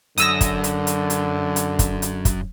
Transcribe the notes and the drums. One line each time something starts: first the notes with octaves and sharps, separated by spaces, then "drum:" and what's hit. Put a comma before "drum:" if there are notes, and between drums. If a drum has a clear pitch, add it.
F#2 D3 D#6 E6 A#6, drum: hi-hat
drum: kick, hi-hat
drum: hi-hat
drum: hi-hat
drum: hi-hat
drum: hi-hat
drum: kick, hi-hat
drum: hi-hat
drum: kick, hi-hat